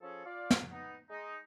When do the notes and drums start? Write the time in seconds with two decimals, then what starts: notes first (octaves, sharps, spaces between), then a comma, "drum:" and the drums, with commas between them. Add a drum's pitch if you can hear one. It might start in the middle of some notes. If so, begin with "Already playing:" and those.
0.02 F3 C#4 G#4 A4
0.25 F4 D5 F5
0.50 drum: snare
0.71 B3 D#4
1.10 G#3 D#4